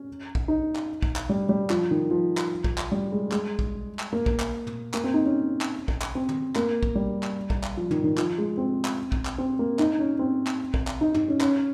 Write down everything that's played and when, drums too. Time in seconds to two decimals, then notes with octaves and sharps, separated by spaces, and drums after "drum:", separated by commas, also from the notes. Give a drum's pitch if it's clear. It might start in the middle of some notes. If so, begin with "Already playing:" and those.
Already playing: C#4
0.35 drum: kick A#1
0.48 D#4
0.76 drum: clap
1.02 drum: kick A#1
1.16 drum: clap
1.29 G3
1.49 G3
1.70 F3, drum: clap
1.91 D#3
2.11 F3
2.37 drum: clap
2.64 drum: kick A#1
2.78 drum: clap
2.92 G3
3.12 G#3
3.32 G#3, drum: clap
3.59 drum: kick A#1
3.99 drum: clap
4.13 A#3
4.26 drum: kick A#1
4.40 drum: clap
4.67 drum: tom
4.94 A#3, drum: clap
5.04 C4
5.14 D#4
5.25 C#4
5.61 drum: clap
5.88 drum: kick A#1
6.02 drum: clap
6.15 C4
6.29 drum: tom
6.56 A#3, drum: clap
6.83 drum: kick A#1
6.95 G3
7.23 drum: clap
7.50 drum: kick A#1
7.64 drum: clap
7.77 F3
7.91 D#3, drum: tom
8.04 D#3
8.18 F3, drum: clap
8.38 G#3
8.57 C4
8.85 drum: clap
9.12 drum: kick A#1
9.25 drum: clap
9.38 C4
9.59 A#3
9.79 D#4, drum: clap
9.99 C#4
10.19 C4
10.47 drum: clap
10.74 drum: kick A#1
10.87 drum: clap
11.01 D#4
11.14 D#4, drum: tom
11.28 C#4
11.41 C#4, drum: clap